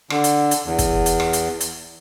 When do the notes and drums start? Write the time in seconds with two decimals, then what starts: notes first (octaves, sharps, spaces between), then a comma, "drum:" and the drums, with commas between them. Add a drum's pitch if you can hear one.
0.10 D3, drum: rim click
0.24 drum: hi-hat
0.51 drum: hi-hat
0.66 E2
0.79 drum: kick, hi-hat
1.06 drum: hi-hat
1.20 drum: rim click
1.33 drum: hi-hat
1.61 drum: hi-hat